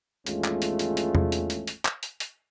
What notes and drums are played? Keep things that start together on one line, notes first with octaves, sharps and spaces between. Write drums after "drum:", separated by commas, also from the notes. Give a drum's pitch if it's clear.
G#1 E2 G#3 A3 C#4 F4, drum: hi-hat
drum: clap
drum: hi-hat
drum: hi-hat
drum: hi-hat
drum: tom E2
drum: hi-hat
drum: hi-hat
drum: hi-hat
drum: clap
drum: hi-hat
drum: hi-hat